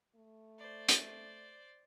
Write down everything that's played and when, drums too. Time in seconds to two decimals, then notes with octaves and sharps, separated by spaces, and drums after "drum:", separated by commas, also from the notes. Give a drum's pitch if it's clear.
0.15 A3
0.59 C5 D5
0.89 drum: hi-hat